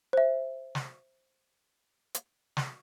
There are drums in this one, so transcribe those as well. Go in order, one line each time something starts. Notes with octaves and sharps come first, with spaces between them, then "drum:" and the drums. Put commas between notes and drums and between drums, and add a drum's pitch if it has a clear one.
C5 E5
drum: snare
drum: hi-hat
drum: snare